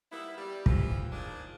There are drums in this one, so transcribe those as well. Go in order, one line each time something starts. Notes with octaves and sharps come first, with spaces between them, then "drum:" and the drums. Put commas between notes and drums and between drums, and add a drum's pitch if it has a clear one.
G3 A#3 B3 E4
G3
E3 F3 G4, drum: kick
A#2 D#3 F3 D4 F4 G#4